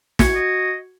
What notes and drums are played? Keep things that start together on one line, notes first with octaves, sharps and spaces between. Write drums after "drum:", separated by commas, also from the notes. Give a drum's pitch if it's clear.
F#4 G#6 C#7, drum: snare
D#5